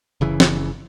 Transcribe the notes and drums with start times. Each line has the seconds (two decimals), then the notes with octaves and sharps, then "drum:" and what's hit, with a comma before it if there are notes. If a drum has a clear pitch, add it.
0.21 F#1 C#3 E3
0.40 drum: snare